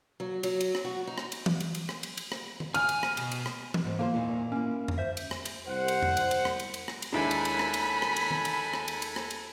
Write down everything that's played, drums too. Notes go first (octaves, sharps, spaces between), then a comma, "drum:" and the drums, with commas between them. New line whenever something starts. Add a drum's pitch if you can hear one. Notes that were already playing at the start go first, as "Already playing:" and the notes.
F#3
F#3, drum: cymbal
drum: cymbal
drum: rim click
F#4
D#4
drum: rim click
drum: cymbal
drum: tom E3
drum: cymbal
drum: cymbal
drum: rim click
drum: cymbal
drum: cymbal
drum: rim click
drum: tom D#3
G#5 F6, drum: cymbal
drum: cymbal
drum: rim click
B2, drum: cymbal
drum: cymbal
drum: rim click
drum: tom E3
G#2 C4
F3 A#3 A#4 C5
E2 A#2 D#3
A#3 C#4 E4
drum: tom F2
C5 E5
drum: cymbal
drum: rim click
drum: cymbal
C2 C5 F#5
drum: cymbal
drum: tom F2
drum: cymbal
drum: cymbal
drum: rim click
drum: cymbal
drum: cymbal
drum: rim click
drum: cymbal
D#2 G#3 D4 E4 A4 G#5 B5
drum: cymbal
drum: cymbal
drum: rim click
drum: cymbal
drum: rim click
drum: cymbal
drum: tom D#3
drum: cymbal
drum: rim click
drum: cymbal
drum: cymbal
drum: rim click
drum: cymbal